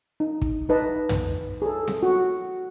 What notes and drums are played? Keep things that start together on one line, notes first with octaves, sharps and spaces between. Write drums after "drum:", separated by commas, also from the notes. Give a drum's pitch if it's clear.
D#4
drum: kick
D#4 B4 D#5 A5
drum: tom
G#4 A4
drum: snare C4
F#4